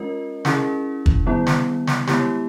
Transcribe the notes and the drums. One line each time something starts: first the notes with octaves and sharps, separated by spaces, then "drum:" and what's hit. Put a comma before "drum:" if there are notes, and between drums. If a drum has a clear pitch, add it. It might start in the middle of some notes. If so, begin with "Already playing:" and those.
Already playing: G#3 C#4 F4 A#4 D#5
C#4 E4 G#4, drum: snare
drum: kick
D#3 G3 B3 E4
drum: snare
drum: snare
G#3 B3 E4 G4, drum: snare